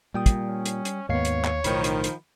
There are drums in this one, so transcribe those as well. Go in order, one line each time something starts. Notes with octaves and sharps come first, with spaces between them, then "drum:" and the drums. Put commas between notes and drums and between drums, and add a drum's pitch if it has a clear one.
A#2 G3 G5 D#6
drum: kick, hi-hat
C#4
drum: hi-hat
drum: hi-hat
D#2 G#2 B3 C#5 F5 C7
drum: hi-hat
drum: clap
B1 A2 D#3 F3 B5, drum: hi-hat
drum: hi-hat
drum: hi-hat